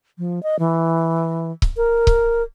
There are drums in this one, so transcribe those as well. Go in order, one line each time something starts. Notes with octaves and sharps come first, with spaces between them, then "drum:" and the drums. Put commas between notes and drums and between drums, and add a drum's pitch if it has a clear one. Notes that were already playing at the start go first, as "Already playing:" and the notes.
F3
D#5
E3
drum: kick C#1
A#4
drum: kick C#1